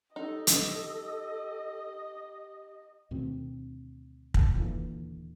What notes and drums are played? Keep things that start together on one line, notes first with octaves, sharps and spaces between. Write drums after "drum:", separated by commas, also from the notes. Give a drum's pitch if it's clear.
D#4 G4 A4 D#5
drum: hi-hat
D2 B2 D#3 C4
drum: kick
D#2 A#2 D3 E3